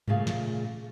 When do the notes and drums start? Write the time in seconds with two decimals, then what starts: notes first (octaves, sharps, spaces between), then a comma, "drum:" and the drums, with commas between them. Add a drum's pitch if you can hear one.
0.08 A#2 C#3 A3 G#4 F5, drum: tom G#2
0.27 drum: snare